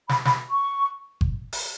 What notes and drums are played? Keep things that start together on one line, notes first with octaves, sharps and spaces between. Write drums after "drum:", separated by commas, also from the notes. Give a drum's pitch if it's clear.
B5, drum: snare
B5, drum: snare
C#6
drum: kick G1
drum: open hi-hat